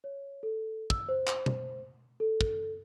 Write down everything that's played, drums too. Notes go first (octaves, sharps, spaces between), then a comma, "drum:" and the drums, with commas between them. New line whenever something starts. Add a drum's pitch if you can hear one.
C#5
A4
E6, drum: kick
C5
drum: clap
drum: tom B2
A4
drum: kick